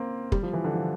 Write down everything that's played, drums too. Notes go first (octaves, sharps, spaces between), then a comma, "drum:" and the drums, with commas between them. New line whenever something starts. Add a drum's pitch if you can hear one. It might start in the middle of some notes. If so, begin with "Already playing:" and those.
Already playing: A#3 C4
G3, drum: kick
F3
E3
D3
F3